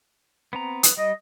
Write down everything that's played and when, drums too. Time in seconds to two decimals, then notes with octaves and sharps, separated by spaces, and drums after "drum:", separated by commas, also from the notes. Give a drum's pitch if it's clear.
0.53 B3 C4 A#5
0.83 B4 D#6, drum: hi-hat
0.97 G3 D#5